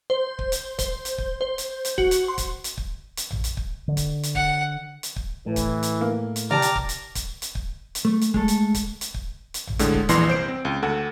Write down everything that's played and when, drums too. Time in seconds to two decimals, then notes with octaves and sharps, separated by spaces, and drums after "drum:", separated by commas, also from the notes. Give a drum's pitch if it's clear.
0.10 C5
0.39 drum: kick
0.52 drum: hi-hat
0.79 C5, drum: kick, hi-hat
1.05 drum: hi-hat
1.18 drum: kick
1.41 C5
1.58 drum: hi-hat
1.85 drum: hi-hat
1.98 F#4, drum: kick
2.11 drum: hi-hat
2.28 C6
2.38 drum: kick, hi-hat
2.64 drum: hi-hat
2.77 drum: kick
3.17 drum: hi-hat
3.31 drum: tom A1
3.44 drum: hi-hat
3.57 drum: kick
3.88 D3
3.97 drum: kick, hi-hat
4.23 drum: hi-hat
4.35 F#5, drum: kick
5.03 drum: hi-hat
5.16 drum: kick
5.46 A2 E3
5.56 drum: kick, hi-hat
5.83 drum: hi-hat
6.01 A#3
6.36 drum: hi-hat
6.51 G4 D5 A5 A#5 D6 F6, drum: tom C3
6.62 drum: hi-hat
6.75 drum: kick
6.89 drum: hi-hat
7.15 drum: kick, hi-hat
7.42 drum: hi-hat
7.55 drum: kick
7.95 drum: hi-hat
8.05 A3
8.21 drum: hi-hat
8.34 G#3 A3 A4, drum: kick
8.48 drum: hi-hat
8.75 drum: kick, hi-hat
9.01 drum: hi-hat
9.14 drum: kick
9.54 drum: hi-hat
9.67 drum: tom A1
9.79 A2 D3 G#3, drum: hi-hat
9.94 drum: kick
10.09 A#1 E2 E3 C6 A#6 C7, drum: hi-hat
10.28 C2 C5 D7
10.48 C4
10.65 C#2
10.82 D2 A4 F#5 G#5